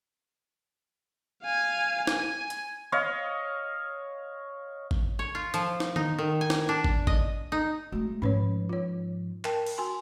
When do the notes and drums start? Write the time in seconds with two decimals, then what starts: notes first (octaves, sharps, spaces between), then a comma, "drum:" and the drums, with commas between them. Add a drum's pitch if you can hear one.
1.43 F5 G#5
2.07 G#5, drum: snare
2.50 drum: hi-hat
2.92 C#5 D#5 F5
4.91 drum: kick
5.19 C#5
5.35 F4
5.54 F3, drum: hi-hat
5.80 drum: snare
5.96 D#4, drum: tom D#3
6.18 D#3
6.41 G#5
6.50 drum: snare
6.69 D4
6.84 drum: kick
7.07 D#5, drum: kick
7.52 D#4
7.92 G#3 A3 F#4
8.22 G#2 F3 C#4 B4 C#5
8.69 F4 C#5
9.45 A#4 G5 A5, drum: clap
9.67 drum: cymbal
9.78 F#4 G#5 C6